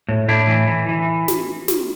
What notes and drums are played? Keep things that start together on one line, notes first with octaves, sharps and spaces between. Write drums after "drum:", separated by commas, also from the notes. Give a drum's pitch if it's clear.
A2
A2 D4 E4
E3
E3
E3
drum: snare
drum: snare